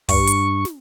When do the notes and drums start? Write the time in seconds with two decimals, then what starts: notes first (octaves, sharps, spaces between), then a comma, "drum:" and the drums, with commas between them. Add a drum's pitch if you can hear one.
0.09 G2 C#6, drum: kick, open hi-hat
0.27 drum: hi-hat
0.65 drum: snare